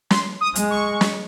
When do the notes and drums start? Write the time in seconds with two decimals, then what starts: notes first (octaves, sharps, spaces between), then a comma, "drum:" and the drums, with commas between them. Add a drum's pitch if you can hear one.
0.10 C6, drum: snare
0.41 D#6
0.55 G#3, drum: hi-hat
0.71 C#6
1.01 drum: snare